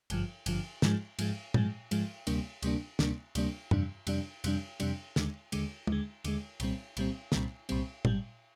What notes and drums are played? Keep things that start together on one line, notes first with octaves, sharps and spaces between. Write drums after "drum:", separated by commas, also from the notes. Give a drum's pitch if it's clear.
G#1 G2 D3 F3, drum: cymbal
G#1 G2 D3 F3, drum: cymbal
G#2 F3 G#3, drum: snare
G#2 F3 G#3, drum: cymbal
G#2 F3 G#3, drum: tom
G#2 F3 G#3, drum: cymbal
D2 C3 G3 A#3 D4, drum: cymbal
D2 C3 G3 A#3 D4, drum: cymbal
D2 C3 G3 A#3 D4, drum: snare
D2 C3 G3 A#3 D4, drum: cymbal
F2 C3 G3 D4, drum: tom
F2 C3 G3 D4, drum: cymbal
F2 C3 G3 D4, drum: cymbal
F2 C3 G3 D4, drum: cymbal
D#2 D3 G#3, drum: snare
D#2 D3 G#3, drum: cymbal
D#2 D3 G#3, drum: tom
D#2 D3 G#3, drum: cymbal
C2 A#2 G3 C4, drum: cymbal
C2 A#2 G3 C4, drum: cymbal
C2 A#2 G3 C4, drum: snare
C2 A#2 G3 C4, drum: cymbal
G#1 G#2 G3, drum: tom